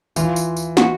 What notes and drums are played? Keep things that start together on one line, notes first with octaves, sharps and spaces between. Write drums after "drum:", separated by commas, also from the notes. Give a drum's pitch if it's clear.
E3 F4, drum: tambourine
drum: tambourine
drum: tambourine
F#4, drum: snare